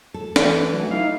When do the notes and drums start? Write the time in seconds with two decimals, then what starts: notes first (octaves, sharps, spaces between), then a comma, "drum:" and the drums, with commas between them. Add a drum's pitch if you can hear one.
0.14 A4
0.36 E3, drum: snare
0.74 F#3 A3
0.91 D#4 E4 F5